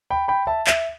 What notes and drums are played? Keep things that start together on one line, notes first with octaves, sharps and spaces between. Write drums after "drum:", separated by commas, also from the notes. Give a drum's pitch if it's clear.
G5 B5
G5 B5
E5 A5
E5, drum: clap